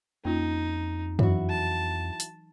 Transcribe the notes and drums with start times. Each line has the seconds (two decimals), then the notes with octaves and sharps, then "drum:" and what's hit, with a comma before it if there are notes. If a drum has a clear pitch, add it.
0.25 F2 A#3 C#4 D#4 F4
1.19 E3 F#3 E4 F#4, drum: tom F#2
1.50 A5
2.20 drum: hi-hat